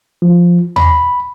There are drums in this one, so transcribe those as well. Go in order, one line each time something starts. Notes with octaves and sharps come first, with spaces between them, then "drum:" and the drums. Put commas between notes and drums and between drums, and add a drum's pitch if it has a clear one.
F3
B5, drum: tom D#2